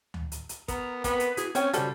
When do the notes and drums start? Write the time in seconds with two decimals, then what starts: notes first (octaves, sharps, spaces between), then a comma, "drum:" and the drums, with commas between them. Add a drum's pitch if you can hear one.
0.14 drum: tom D2
0.32 drum: hi-hat
0.49 drum: hi-hat
0.68 B3 A#4 A#5, drum: kick, hi-hat
1.04 B3 C4 B4, drum: kick, hi-hat
1.20 drum: hi-hat
1.37 E4 F#4 G#4, drum: hi-hat
1.55 C4 C#4 C5 C#5 G5, drum: hi-hat
1.73 C#3 F#3 G3 C#4 F4 F#4 A4 C5, drum: hi-hat